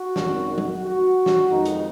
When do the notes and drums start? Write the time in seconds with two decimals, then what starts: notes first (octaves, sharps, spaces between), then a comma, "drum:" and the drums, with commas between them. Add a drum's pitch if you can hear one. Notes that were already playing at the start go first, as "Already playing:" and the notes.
Already playing: F#4
0.16 G#1 F#2 D#3, drum: snare
0.58 drum: tom F#3
0.83 F#4
1.26 drum: snare
1.51 F2 D#3 G#3 D#4
1.65 drum: hi-hat